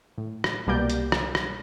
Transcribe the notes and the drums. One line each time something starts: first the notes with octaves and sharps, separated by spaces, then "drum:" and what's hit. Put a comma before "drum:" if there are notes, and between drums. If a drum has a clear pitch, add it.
A2
drum: rim click
C2 B2 G3 A#3 D5 G6
drum: hi-hat
drum: rim click
drum: rim click